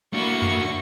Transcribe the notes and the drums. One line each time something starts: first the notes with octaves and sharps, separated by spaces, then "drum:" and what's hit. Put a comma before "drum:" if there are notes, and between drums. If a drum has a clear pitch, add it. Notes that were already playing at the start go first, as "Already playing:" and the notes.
A#3 D4 E4 F#4 C#6
drum: tom F#2